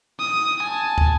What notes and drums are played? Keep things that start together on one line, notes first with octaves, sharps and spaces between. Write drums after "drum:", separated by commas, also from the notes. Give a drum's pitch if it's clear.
D#6
G#5 A5
drum: kick